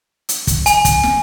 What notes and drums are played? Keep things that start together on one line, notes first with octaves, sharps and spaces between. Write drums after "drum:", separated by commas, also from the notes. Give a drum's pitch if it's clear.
drum: hi-hat
drum: kick, hi-hat
G#5, drum: hi-hat
drum: kick, hi-hat
drum: snare